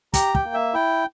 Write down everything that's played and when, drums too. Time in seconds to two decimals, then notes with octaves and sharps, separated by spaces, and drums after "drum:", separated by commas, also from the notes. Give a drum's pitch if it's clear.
0.14 G4 A#5, drum: kick, hi-hat
0.35 G5, drum: kick
0.44 A#3
0.54 E5
0.74 E4 G5